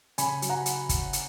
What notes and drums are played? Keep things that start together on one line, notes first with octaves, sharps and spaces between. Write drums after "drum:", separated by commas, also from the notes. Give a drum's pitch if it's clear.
C#3 G#5 B5, drum: hi-hat
F#3, drum: hi-hat
F#5 A#5
drum: hi-hat
drum: kick, hi-hat
drum: hi-hat